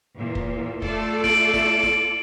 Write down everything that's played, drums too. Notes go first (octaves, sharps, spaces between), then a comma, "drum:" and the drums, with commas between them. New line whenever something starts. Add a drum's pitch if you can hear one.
E2 A#2
drum: kick
A3 F4 A4 D5, drum: kick
D7 F#7, drum: snare
drum: snare
drum: snare